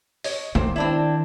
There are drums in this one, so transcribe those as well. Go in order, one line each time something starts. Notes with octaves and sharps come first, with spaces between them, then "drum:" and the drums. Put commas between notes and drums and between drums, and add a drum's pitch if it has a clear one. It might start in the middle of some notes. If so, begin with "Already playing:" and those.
C#5 D#5, drum: open hi-hat
C3 D#3 C5, drum: tom G#3
C4 D4 E4